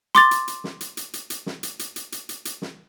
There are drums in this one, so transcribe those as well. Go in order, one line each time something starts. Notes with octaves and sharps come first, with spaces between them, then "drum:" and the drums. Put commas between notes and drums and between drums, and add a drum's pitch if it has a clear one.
C6 D6 A6, drum: hi-hat
drum: hi-hat
drum: hi-hat
drum: snare
drum: hi-hat
drum: hi-hat
drum: hi-hat
drum: hi-hat
drum: snare
drum: hi-hat
drum: hi-hat
drum: hi-hat
drum: hi-hat
drum: hi-hat
drum: hi-hat
drum: snare